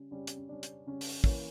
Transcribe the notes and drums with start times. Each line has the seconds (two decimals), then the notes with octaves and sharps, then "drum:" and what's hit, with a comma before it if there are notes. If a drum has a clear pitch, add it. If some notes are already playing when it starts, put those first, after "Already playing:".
Already playing: C#3 G3 C#4
0.11 C#3 G3 C#4
0.27 drum: hi-hat
0.37 C#4
0.49 C#3 G3 C#4 D4
0.63 drum: hi-hat
0.87 C#3 G3 C#4
1.01 drum: open hi-hat
1.24 E3 A#3 C#4 C#5, drum: kick